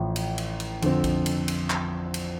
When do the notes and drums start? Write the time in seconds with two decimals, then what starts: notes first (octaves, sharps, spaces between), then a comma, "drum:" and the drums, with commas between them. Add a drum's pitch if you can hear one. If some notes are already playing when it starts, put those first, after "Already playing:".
Already playing: A1 A2 F3
0.16 drum: cymbal
0.38 drum: cymbal
0.60 drum: cymbal
0.82 F2 D3 F3 C4, drum: cymbal
1.04 drum: kick A#1, cymbal
1.26 drum: cymbal
1.48 drum: cymbal
1.70 drum: clap
2.14 drum: cymbal